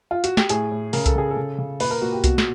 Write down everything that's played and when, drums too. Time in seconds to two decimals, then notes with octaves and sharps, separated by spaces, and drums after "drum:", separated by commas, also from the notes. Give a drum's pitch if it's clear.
0.11 F4
0.24 F#4, drum: hi-hat
0.37 G4, drum: snare
0.49 A2 G#4, drum: hi-hat
0.71 A2
0.93 C#3 A#4, drum: open hi-hat
1.06 A4, drum: kick C2, hi-hat
1.16 C#3 G#4
1.31 A4
1.36 C#3
1.58 C#3
1.80 A#2 B4, drum: open hi-hat
1.91 A#4
2.02 A#2 F#4
2.13 G4
2.24 B2 F#4, drum: kick C2, hi-hat
2.38 drum: snare